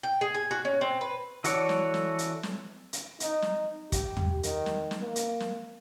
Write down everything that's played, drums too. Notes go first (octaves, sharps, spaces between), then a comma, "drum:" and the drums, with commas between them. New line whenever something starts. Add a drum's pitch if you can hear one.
G5
G#4
G#5
F#4
C#4
C4
B4
E3 F#4 A4 C#5 D5, drum: hi-hat
drum: snare
drum: snare
drum: hi-hat
drum: snare
drum: hi-hat
D#4, drum: hi-hat
drum: snare
G4, drum: kick, hi-hat
drum: tom
D#3, drum: hi-hat
drum: snare
drum: snare
A#3
drum: hi-hat
drum: snare